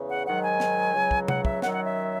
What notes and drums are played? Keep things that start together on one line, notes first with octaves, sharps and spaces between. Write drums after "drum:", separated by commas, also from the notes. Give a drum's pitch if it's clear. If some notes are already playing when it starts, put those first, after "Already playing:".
Already playing: E2 C#3
F#5
G#2 D#3 F#3 F#5
G#5
drum: snare
C#2 C#3 F#3
drum: kick
F#5, drum: tom
E5, drum: kick
F#2 D#3 F#3 F#5, drum: snare
F#5
E5